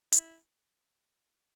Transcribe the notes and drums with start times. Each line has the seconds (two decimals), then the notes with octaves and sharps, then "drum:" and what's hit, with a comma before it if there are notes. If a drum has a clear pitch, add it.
0.12 E4, drum: hi-hat